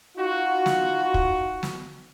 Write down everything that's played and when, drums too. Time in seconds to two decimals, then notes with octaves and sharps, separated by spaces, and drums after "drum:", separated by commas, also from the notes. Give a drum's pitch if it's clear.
0.17 D#4 F4 F#4
0.66 drum: snare
1.14 drum: kick
1.63 drum: snare